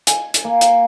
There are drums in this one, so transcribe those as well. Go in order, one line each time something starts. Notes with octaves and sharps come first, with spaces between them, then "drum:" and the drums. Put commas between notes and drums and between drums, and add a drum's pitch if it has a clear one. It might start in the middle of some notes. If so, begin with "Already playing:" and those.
G#5, drum: hi-hat
drum: hi-hat
A#3
drum: hi-hat